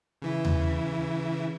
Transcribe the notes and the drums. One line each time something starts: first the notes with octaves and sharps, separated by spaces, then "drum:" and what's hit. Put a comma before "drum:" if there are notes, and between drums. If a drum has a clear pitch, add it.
C#3 E3 E4
drum: tom D#2